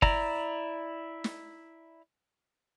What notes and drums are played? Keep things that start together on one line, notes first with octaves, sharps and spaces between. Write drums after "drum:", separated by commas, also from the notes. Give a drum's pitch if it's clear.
E4 D5 A#5, drum: kick G1
drum: snare